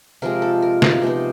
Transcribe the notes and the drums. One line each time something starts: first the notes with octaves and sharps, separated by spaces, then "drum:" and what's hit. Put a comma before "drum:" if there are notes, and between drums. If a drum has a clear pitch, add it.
C3 F3 G#3 A#4
A4
A#4
F4, drum: snare
E4
C3 F3 G#3 B3 D#4